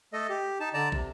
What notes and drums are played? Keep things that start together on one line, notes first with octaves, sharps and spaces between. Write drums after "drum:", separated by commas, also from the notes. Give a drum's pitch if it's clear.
A3 A4 D#5
G4
D#4 A5
D3 D5 A5 A#5
C3, drum: kick